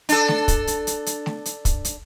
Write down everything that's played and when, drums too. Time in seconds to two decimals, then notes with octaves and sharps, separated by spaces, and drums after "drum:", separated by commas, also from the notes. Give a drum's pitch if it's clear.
0.09 D4 A4, drum: hi-hat
0.28 drum: snare A3
0.48 drum: kick, hi-hat
0.67 drum: hi-hat
0.87 drum: hi-hat
1.06 drum: hi-hat
1.26 drum: snare A3
1.45 drum: hi-hat
1.65 drum: kick, hi-hat
1.85 drum: hi-hat